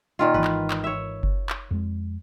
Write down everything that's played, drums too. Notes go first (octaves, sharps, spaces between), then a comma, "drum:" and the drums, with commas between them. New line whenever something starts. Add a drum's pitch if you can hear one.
A#2 D#3 F4
G#1 E3 B4
drum: clap
drum: clap
C#5 E5
drum: kick F#1
drum: clap
F2 G#3